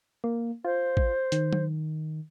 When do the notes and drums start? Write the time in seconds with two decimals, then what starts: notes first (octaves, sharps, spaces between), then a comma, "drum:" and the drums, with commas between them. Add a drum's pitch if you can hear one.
0.24 A#3
0.65 F4 C5
0.97 drum: kick
1.32 D#3, drum: hi-hat
1.53 drum: tom